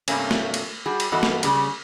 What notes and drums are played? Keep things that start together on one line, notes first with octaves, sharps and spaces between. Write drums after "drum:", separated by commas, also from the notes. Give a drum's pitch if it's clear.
G2 C3 A3 A#3 C#4, drum: cymbal
drum: snare
drum: cymbal
G3 F#4 G#4
drum: cymbal
G2 E3 B3 F#4 A4 D#5
drum: snare
C#3 G3 C#4, drum: cymbal